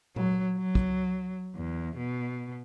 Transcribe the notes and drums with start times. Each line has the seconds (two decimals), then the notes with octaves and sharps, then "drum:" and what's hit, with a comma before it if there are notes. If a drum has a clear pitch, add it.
0.16 F#3, drum: tom A#2
0.58 F#3
0.75 drum: kick
1.55 E2
1.97 B2